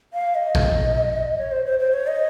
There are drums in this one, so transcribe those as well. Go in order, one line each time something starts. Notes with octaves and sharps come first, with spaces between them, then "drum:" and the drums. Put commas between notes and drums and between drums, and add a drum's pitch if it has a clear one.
F5
D#5
drum: kick A1
C#5
C5
C5
C5
C#5
D#5